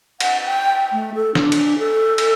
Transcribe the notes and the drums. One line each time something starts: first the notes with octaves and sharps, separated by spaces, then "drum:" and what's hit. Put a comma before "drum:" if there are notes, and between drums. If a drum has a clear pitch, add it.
F#5, drum: cymbal
G5
A3
A4
D4, drum: snare
drum: cymbal
A4
drum: cymbal